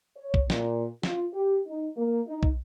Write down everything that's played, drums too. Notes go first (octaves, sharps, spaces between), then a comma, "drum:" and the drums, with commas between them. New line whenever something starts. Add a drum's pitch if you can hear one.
C#5
drum: kick
A#2, drum: snare
F4, drum: snare
G4
D#4
A#3
D#4
drum: kick